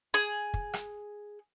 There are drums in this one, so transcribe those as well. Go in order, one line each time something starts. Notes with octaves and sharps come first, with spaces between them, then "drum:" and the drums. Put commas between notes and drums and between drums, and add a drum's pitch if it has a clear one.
G#4
drum: kick
drum: rim click